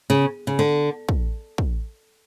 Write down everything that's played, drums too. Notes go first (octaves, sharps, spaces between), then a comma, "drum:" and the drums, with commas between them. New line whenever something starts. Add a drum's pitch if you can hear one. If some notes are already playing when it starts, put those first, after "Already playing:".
C#3
C#3
D3
drum: kick
drum: kick